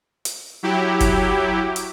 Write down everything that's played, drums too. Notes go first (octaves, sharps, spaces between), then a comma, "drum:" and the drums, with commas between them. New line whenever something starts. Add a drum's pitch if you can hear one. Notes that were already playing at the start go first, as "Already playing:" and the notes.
drum: hi-hat
F#3 E4 G4
drum: kick F#1, hi-hat
drum: hi-hat